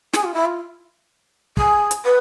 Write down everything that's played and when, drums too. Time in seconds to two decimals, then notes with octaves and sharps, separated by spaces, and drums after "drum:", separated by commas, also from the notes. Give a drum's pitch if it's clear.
0.13 G#4, drum: snare
0.24 F4
0.34 E4
0.45 F4
1.57 G#4, drum: kick
1.91 drum: hi-hat
2.05 B4